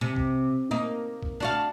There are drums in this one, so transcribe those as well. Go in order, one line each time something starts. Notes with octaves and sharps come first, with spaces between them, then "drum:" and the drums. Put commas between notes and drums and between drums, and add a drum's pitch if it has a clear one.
C3
drum: kick B1
A#3 D#4
drum: kick B1
D4 F#4 F5